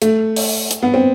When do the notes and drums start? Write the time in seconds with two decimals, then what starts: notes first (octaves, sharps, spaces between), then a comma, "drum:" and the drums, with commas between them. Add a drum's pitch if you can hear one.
0.02 A3, drum: hi-hat
0.36 drum: open hi-hat
0.71 drum: hi-hat
0.83 B3
0.94 C4